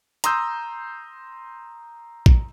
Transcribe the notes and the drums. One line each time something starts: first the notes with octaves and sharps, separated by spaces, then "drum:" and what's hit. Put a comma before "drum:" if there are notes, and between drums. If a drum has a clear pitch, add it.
A#5 C6 D#6 E6 G6, drum: hi-hat
drum: kick